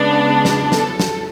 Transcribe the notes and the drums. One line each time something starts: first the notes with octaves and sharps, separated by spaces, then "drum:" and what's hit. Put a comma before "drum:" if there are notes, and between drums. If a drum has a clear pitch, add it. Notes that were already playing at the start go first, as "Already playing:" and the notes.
Already playing: C#3 G#3 B3 D4
drum: snare
A4, drum: snare
drum: snare